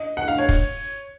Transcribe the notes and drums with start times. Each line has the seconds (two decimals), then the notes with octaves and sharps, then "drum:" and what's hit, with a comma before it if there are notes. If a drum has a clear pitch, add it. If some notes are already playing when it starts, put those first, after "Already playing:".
Already playing: D#5
0.17 F#5
0.28 F5
0.38 C#5
0.49 drum: kick